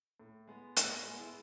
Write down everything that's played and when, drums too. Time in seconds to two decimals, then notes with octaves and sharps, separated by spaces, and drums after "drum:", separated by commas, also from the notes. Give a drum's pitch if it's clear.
0.20 A2
0.47 G#3 B3
0.76 A2 D#5, drum: hi-hat
0.91 D#5
1.05 G#3 B3 G#4
1.19 E4